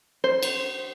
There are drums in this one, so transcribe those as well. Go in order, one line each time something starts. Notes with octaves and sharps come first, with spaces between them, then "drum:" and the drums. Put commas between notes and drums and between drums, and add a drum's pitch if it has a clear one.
C5
drum: cymbal